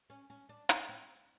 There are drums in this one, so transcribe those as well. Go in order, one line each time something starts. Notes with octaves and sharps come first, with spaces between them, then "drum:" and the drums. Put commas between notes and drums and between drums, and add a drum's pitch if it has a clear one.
C#4
C#4
D4
C#4, drum: hi-hat
C4